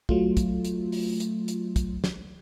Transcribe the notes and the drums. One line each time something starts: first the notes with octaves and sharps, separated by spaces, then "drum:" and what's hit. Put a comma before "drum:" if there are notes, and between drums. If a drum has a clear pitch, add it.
F#3 A3 F4, drum: kick
drum: kick, hi-hat
drum: hi-hat
drum: open hi-hat
drum: hi-hat
drum: hi-hat
drum: kick, hi-hat
drum: snare